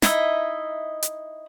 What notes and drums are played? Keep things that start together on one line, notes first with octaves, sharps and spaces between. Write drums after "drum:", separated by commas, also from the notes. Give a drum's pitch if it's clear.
D#4 E4 D#5 E5, drum: snare
drum: hi-hat